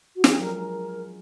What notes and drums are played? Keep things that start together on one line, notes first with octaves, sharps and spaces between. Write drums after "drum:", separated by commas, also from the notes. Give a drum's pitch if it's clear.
F#4
F3 G#4, drum: snare
F#3 A#4
G#3 A#4